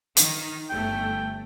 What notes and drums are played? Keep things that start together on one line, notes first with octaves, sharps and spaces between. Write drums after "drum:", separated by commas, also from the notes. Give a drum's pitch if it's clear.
D#3, drum: hi-hat
G1 A3 G5